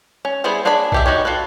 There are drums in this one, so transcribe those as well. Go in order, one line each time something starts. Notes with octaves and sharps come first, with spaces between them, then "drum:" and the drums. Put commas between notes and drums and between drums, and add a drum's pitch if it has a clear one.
C#4
G3 B3 E4 G#4 C5
A#3 D4 G#4 C#5 B5
D#3 G4 E5, drum: kick B1
B3 D#4 F#4 G4 C#5
F4 F#4 A4 B4